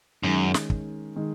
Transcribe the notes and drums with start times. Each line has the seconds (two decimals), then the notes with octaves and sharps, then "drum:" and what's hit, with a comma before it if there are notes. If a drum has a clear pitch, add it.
0.23 F#2 D#3 G#3 C#4
0.54 drum: snare
0.70 drum: kick
1.16 D#3 G#3